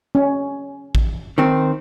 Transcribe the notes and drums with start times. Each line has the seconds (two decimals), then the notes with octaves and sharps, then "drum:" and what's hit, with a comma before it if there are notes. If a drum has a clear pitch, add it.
0.15 C#4
0.95 drum: kick
1.38 D#3 C4